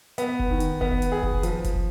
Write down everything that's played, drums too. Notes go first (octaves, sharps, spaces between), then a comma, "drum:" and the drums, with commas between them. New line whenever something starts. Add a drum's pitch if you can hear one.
B3, drum: hi-hat
drum: kick
D#3
drum: hi-hat
B3, drum: kick
drum: hi-hat
G#4
drum: kick
F3, drum: hi-hat
drum: kick, hi-hat